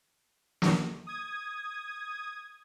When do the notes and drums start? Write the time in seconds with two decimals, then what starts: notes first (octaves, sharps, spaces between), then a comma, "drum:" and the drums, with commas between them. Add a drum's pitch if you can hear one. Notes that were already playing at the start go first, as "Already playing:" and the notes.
0.62 drum: snare
1.07 D#6 G#6